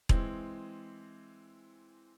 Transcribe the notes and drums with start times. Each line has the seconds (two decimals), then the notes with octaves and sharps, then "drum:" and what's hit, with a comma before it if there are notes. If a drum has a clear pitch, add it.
0.09 E3 G#3 C4, drum: kick E1